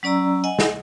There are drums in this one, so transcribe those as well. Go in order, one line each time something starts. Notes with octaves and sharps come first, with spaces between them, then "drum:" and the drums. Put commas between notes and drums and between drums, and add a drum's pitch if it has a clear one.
F#3 C#4 D5 A#5 E6
D#5 F#5 G#5
drum: snare